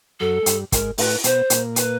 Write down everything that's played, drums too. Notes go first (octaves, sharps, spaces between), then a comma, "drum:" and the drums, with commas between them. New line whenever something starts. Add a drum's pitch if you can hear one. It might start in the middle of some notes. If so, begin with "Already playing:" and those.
F#2 F#3 A4
G#3
G2 G3, drum: hi-hat
G#2 G#3 A#4, drum: kick, hi-hat
A2 A3 B4, drum: open hi-hat
B2 B3 C5, drum: hi-hat
A#2 A#3, drum: hi-hat
B4, drum: hi-hat